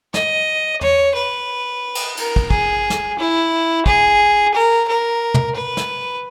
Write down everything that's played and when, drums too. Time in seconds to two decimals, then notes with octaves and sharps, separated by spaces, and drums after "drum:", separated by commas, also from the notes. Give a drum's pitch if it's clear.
0.14 D#5, drum: snare
0.81 C#5, drum: tom
1.15 B4
1.95 drum: cymbal
2.17 A#4, drum: cymbal
2.36 drum: kick
2.51 G#4, drum: kick
2.90 drum: snare
3.19 E4
3.86 G#4, drum: kick
4.54 A#4
4.88 A#4
5.34 drum: tom
5.55 B4
5.77 drum: snare